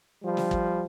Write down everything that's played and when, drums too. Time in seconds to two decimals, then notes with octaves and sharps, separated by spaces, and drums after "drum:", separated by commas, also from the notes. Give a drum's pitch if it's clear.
0.23 F3 G3
0.37 drum: snare
0.51 drum: kick